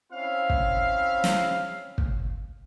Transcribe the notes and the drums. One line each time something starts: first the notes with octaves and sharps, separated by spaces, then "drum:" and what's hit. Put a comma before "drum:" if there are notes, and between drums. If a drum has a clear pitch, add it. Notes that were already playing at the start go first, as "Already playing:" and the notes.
C4 C#4 E4 E5 F5
drum: kick
drum: snare
drum: kick